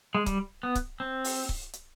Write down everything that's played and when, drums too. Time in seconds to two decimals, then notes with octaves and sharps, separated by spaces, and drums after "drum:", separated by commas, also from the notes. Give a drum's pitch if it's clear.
0.15 G#3
0.26 G3, drum: kick C#1, hi-hat
0.63 B3
0.75 drum: kick C#1, hi-hat
1.00 C4
1.24 drum: open hi-hat
1.49 drum: kick C#1
1.73 drum: hi-hat